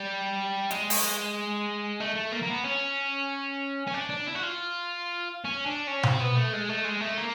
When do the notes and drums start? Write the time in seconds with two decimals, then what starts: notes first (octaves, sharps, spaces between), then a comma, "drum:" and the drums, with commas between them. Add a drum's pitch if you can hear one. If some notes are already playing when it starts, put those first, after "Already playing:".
Already playing: G3
0.71 G#3, drum: hi-hat
0.90 drum: open hi-hat
2.00 A3
2.16 A3
2.32 A#3
2.43 A#3
2.48 B3
2.64 C#4
3.87 C#4
3.94 D4
4.09 D4
4.27 E4
4.35 F#4
4.43 F4
5.45 C#4
5.66 D4
5.87 C#4
6.03 C4, drum: tom B2
6.20 B3
6.36 A3
6.53 G#3
6.69 A3
6.85 G#3
7.01 A3
7.17 A#3